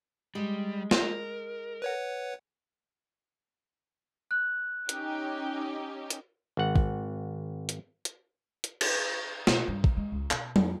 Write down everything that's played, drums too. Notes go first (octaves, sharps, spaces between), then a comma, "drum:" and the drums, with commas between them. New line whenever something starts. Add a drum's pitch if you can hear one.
G3 G#3
A#4, drum: snare
B4 C#5 F#5
F#6
C#4 D#4 G4, drum: hi-hat
drum: hi-hat
G#1 F#5
drum: kick
drum: hi-hat
drum: hi-hat
drum: hi-hat
drum: cymbal
B2, drum: snare
G2
D3, drum: kick
G#3
C#2
B2, drum: clap
F2, drum: tom F#3